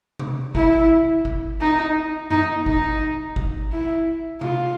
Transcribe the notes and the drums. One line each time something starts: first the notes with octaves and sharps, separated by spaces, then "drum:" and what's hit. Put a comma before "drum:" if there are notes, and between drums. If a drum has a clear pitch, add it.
drum: tom C3
E4, drum: kick
drum: kick
D#4
D#4, drum: tom F#2
D#4, drum: kick
drum: kick
E4
F4, drum: tom C3